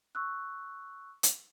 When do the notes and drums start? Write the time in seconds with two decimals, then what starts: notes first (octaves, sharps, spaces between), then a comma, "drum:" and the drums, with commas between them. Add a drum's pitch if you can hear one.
0.15 C#6 E6 F#6
1.23 drum: hi-hat